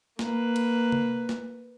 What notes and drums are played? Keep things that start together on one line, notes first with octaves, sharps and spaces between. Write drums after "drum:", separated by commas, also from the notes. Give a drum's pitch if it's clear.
A#3 B4, drum: snare
drum: cymbal
drum: tom C3
drum: snare